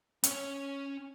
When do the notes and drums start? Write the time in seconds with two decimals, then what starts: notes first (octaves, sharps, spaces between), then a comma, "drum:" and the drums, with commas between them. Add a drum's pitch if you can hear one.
0.24 C#4 C#5, drum: hi-hat